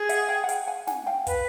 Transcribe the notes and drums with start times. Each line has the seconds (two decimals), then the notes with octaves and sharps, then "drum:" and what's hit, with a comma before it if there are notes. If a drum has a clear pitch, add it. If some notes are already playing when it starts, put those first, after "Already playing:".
Already playing: G#4
0.09 E5 F#5, drum: hi-hat
0.29 F5 G5
0.44 F#5
0.49 F5 G5, drum: hi-hat
0.68 F#5 G#5
0.87 F#5 G#5, drum: snare
1.07 F5 G5
1.27 B4, drum: kick, hi-hat